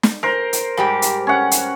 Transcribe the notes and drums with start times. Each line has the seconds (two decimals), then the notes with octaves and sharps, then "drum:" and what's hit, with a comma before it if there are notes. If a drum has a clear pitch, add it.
0.03 drum: snare
0.23 A#4 C5
0.53 drum: hi-hat
0.77 G#2 G3 G4
1.02 drum: hi-hat
1.27 C#4 F#5
1.51 drum: hi-hat